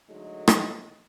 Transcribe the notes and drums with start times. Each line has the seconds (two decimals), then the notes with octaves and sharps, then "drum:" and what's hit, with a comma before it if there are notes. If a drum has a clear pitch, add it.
0.10 D3 F#3 G#3 A3 D#4 D#5
0.48 drum: rim click